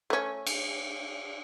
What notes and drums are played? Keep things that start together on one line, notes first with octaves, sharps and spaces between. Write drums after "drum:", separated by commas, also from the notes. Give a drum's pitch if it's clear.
A3 C#4
drum: cymbal